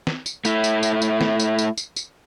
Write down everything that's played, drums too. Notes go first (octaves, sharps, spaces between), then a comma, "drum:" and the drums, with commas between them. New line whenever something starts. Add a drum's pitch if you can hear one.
drum: snare
drum: tambourine
A3 E4, drum: tambourine
drum: tambourine
drum: tambourine
drum: tambourine
drum: snare
drum: tambourine
drum: tambourine
drum: tambourine
drum: tambourine